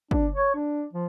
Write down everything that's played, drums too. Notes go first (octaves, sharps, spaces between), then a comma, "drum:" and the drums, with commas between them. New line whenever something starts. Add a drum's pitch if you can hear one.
D4, drum: kick
C#5
D4
F3